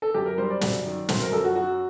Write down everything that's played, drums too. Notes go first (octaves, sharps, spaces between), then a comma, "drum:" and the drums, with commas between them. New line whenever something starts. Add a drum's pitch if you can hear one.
A4
F#2 G4
A#4
G3 C5
D5
F#2, drum: snare
D#3
F#2 C5, drum: snare
A#4
F#2 A4
F#4
F#3 F#4